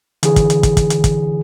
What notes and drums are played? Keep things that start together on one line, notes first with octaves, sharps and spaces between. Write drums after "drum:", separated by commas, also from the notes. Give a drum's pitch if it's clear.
D3 E3 G#4, drum: hi-hat
drum: kick, hi-hat
drum: hi-hat
drum: kick, hi-hat
drum: kick, hi-hat
drum: hi-hat
drum: kick, hi-hat